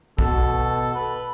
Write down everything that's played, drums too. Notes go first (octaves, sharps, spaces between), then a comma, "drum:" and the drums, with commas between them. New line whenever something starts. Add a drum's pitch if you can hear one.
B2 A4, drum: kick
B4